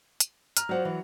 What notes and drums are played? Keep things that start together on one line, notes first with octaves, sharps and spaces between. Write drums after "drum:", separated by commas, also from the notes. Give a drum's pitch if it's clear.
drum: hi-hat
A#5 F6, drum: hi-hat
F#3 F4 C5 D5 F#5
E3